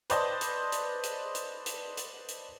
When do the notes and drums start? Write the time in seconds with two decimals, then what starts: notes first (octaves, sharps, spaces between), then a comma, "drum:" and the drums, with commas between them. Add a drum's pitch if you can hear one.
0.10 B4 C5 D5 D#5 A5, drum: hi-hat
0.41 drum: hi-hat
0.72 drum: hi-hat
1.03 drum: hi-hat
1.35 drum: hi-hat
1.66 drum: hi-hat
1.97 drum: hi-hat
2.28 drum: hi-hat